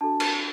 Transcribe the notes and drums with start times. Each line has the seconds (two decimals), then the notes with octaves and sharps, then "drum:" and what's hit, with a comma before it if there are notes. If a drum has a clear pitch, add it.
0.01 D4 F#4 A4 A5
0.20 drum: cymbal